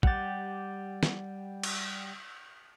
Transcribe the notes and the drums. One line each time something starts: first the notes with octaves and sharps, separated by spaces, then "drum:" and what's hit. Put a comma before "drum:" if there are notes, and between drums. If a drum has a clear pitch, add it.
G3 G4 F#5 A6, drum: kick
drum: snare
drum: cymbal